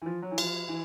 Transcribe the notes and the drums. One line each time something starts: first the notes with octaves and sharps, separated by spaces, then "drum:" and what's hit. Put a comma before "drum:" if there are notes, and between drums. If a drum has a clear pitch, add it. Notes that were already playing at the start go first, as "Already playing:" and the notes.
E3
F3
F#3
E3
F3, drum: cymbal
E3